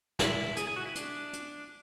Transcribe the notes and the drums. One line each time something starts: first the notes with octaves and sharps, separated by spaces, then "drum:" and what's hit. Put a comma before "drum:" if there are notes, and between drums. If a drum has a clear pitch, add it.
E4, drum: snare
G#4, drum: hi-hat
G#4
F#4
E4
D4, drum: hi-hat
drum: hi-hat